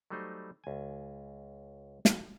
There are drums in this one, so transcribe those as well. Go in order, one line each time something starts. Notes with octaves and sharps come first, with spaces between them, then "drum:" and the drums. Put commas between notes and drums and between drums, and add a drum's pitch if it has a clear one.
F#3 G3 A3 D#4 C5
C#2 G#5
drum: snare